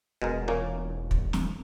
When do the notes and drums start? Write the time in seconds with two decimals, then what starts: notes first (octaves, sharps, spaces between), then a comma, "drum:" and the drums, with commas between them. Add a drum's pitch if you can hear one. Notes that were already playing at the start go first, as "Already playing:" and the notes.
0.22 E1 B2 G#3 A#4
0.48 A#2 A#3 C#4
1.11 drum: kick
1.33 drum: snare